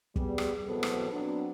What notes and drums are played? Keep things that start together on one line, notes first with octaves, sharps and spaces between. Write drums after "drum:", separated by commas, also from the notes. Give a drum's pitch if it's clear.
G3 B3 G#4, drum: kick
drum: rim click
E2 B2 F#3 B3 C4 A4
drum: rim click
F#3 B3 C4 D4